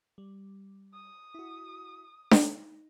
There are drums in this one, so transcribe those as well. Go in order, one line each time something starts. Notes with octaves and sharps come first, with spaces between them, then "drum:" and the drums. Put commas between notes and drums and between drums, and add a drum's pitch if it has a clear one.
G3
D#6
E4 F#4
drum: snare D4
D#4